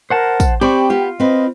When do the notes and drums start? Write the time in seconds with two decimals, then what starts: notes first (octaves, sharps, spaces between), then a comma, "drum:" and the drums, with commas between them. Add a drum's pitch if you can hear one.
0.10 A#4 C5 F#5 A5
0.40 drum: kick, tambourine
0.61 C4 G4 D5 G5 B5 C#6
0.90 B3 F4 G4
1.20 C4 B4 D#5